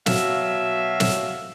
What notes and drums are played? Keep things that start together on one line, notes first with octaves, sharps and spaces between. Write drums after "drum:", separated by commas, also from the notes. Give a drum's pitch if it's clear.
B2 F#3 E5 F5, drum: snare
drum: snare